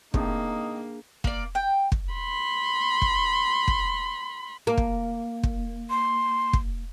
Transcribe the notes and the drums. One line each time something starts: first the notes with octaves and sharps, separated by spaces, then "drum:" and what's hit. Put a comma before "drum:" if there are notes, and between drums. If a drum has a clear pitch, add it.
C#2 A2 C3 A#3 D4 D#4 G#4, drum: kick
A#3 D5, drum: kick
G5
drum: kick
B5 C6
drum: kick
drum: kick
A#3
drum: kick
drum: kick
C6
drum: kick